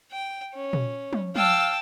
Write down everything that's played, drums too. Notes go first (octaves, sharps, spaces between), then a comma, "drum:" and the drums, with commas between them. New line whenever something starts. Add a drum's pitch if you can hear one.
G5
C#4
drum: tom A#2
drum: tom
F5 G5 A5 E6, drum: tom